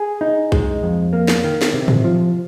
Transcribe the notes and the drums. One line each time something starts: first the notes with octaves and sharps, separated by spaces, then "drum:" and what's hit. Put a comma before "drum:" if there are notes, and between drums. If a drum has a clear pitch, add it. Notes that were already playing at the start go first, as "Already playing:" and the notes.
Already playing: G#4
D#4
G#3, drum: kick
F2
A#3
drum: snare
D#3
drum: snare
C3
drum: tom G#2
F3